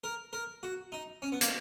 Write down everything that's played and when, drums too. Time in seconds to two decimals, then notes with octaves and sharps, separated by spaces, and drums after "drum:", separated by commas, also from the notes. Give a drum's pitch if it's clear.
0.04 A#4
0.33 A#4
0.63 F#4
0.92 D#4
1.22 C#4
1.32 B3
1.41 A#3, drum: hi-hat